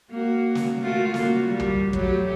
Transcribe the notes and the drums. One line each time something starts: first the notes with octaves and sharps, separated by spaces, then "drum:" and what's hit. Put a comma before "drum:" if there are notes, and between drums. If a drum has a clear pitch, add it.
A#3 F#4
drum: snare
A3 F4 F#4
A#3 F#4, drum: snare
G3
drum: tom
F#3 A3 G4, drum: kick